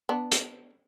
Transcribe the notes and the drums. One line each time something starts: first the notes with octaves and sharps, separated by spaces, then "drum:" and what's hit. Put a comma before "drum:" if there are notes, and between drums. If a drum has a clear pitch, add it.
B3 D4
drum: hi-hat